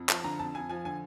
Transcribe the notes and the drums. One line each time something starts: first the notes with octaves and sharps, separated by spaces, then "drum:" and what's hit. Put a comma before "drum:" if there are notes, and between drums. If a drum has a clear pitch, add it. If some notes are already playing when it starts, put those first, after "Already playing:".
Already playing: F2
F3 A5, drum: clap
D3 A#5
F2 A5
F2 G#5
F3 G#5
D3 G#5